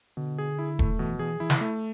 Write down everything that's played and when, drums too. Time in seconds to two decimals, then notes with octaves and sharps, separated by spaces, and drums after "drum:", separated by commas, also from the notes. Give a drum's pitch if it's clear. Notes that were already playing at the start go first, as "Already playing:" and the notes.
0.17 B2 D3
0.38 G#4
0.59 E4
0.79 A3, drum: kick D#1
0.99 B2 E3
1.19 E3 G#4
1.40 E3 E4
1.50 drum: snare
1.61 A3